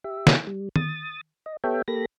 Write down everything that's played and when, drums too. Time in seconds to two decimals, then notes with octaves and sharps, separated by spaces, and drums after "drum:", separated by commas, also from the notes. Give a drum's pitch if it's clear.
0.04 G4 E5
0.27 drum: snare
0.47 G3
0.76 D#6 A6, drum: tom D#3
1.46 D#5
1.64 B3 G4 A4 C#5 E5 G5
1.88 A#3 G4 A4 B5 A#6